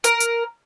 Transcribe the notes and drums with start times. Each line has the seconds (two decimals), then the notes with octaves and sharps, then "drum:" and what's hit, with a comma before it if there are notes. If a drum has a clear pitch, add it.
0.04 A#4, drum: hi-hat
0.20 drum: hi-hat